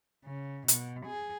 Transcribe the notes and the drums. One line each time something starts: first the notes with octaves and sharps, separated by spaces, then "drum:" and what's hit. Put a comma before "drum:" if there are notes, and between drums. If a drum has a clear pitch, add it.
C#3
B2, drum: hi-hat
G#4